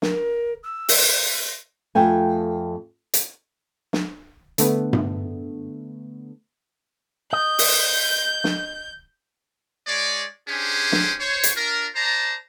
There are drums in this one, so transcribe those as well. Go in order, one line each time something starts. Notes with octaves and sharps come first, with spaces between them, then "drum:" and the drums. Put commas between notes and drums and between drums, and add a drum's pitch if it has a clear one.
A#4, drum: snare
E6
drum: open hi-hat
F2 A3 G5 G#5
drum: hi-hat
drum: snare
D3 A3 B3, drum: hi-hat
drum: tom G2
D#5 G6
drum: open hi-hat
drum: snare
G#3 C#5 D5
C#4 D4 G4 G#4 C5
drum: snare
C5 C#5
drum: hi-hat
D4 F4 A#4
C5 D5 A5 A#5